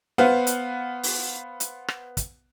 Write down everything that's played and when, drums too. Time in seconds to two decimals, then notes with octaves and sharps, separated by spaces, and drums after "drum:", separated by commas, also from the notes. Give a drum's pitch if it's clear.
0.18 B3 B4 C5 F5 F#5
0.47 drum: hi-hat
1.03 drum: open hi-hat
1.60 drum: hi-hat
1.88 drum: rim click
2.17 drum: kick, hi-hat